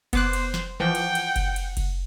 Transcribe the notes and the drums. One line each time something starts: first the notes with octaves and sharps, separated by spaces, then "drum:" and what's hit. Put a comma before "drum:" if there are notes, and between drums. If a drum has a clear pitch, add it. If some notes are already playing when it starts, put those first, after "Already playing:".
B3 C5 D6 F#6, drum: kick F#1, cymbal
drum: cymbal
drum: snare
E3 F3 F#5 G5
drum: cymbal
drum: cymbal
drum: kick F#1, cymbal
drum: cymbal
drum: kick F#1, cymbal